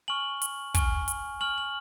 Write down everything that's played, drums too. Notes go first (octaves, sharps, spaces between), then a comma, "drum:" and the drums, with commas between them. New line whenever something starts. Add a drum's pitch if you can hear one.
G#5 C#6 F6 F#7
drum: hi-hat
G#5 C#6 F6, drum: kick, hi-hat
drum: hi-hat
G#5 C#6 F6 F#7
F#7